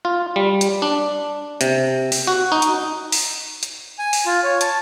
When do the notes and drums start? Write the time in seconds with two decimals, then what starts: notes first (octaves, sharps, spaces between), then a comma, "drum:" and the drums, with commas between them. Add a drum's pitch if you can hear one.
0.05 F4
0.36 G3
0.61 drum: hi-hat
0.82 D4
1.61 C3, drum: hi-hat
2.12 drum: open hi-hat
2.27 F#4
2.52 D#4
2.62 drum: hi-hat
3.12 drum: open hi-hat
3.63 drum: hi-hat
3.99 G#5
4.13 drum: open hi-hat
4.26 F4
4.44 C#5
4.61 A5, drum: hi-hat